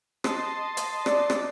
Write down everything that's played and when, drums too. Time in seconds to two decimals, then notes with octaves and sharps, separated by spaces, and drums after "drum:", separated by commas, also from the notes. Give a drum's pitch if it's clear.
0.24 D#5 A5 C6, drum: rim click
0.77 drum: hi-hat
1.06 D5, drum: rim click
1.30 drum: rim click